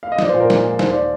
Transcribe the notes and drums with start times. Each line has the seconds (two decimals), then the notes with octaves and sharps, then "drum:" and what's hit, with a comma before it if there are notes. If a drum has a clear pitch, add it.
0.03 F5
0.12 D#5
0.19 F3 D5, drum: snare
0.29 C5
0.34 A#2
0.40 A#4
0.50 G#3, drum: snare
0.65 F3
0.79 D#2 C5, drum: snare
0.91 D5